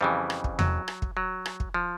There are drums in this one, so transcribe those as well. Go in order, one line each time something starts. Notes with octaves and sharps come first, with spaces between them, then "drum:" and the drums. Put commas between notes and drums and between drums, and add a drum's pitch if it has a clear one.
F2 C#3 E3 G3
drum: rim click
drum: kick
F#3, drum: tom E2
drum: rim click
drum: kick
F#3
drum: rim click
drum: kick
F3